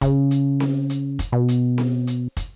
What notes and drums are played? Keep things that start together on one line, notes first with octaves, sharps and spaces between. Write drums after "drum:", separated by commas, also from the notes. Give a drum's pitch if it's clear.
C#3, drum: kick, hi-hat
drum: hi-hat
drum: snare C4
drum: hi-hat
drum: kick, hi-hat
B2
drum: hi-hat
drum: snare C4
drum: hi-hat
drum: kick, hi-hat